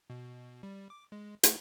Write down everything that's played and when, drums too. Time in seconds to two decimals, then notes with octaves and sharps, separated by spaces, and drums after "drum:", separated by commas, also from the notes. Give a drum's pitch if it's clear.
0.10 B2
0.63 G3
0.90 D6
1.12 G#3
1.43 A3, drum: hi-hat